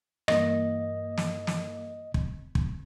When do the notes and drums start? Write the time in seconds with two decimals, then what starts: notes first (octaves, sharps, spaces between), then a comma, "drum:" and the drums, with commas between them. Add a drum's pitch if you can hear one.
0.28 G2 E3 A#3 D#5, drum: rim click
1.18 drum: snare
1.47 drum: snare
2.14 drum: kick
2.55 drum: kick